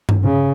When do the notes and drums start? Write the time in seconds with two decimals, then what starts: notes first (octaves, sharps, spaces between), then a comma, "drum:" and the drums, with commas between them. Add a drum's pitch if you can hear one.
0.09 drum: tom G2
0.24 C#3